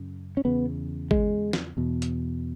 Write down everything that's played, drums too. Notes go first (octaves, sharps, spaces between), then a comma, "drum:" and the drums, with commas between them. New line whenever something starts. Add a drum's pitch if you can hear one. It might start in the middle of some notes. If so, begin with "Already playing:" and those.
Already playing: F#2 C#3
C#4
E2 C#3 B3
G#3, drum: kick G#1
drum: snare
E2 B2
drum: hi-hat